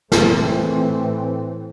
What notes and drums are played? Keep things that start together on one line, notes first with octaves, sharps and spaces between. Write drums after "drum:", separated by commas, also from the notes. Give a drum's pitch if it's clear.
A2 E3 A3 C4, drum: snare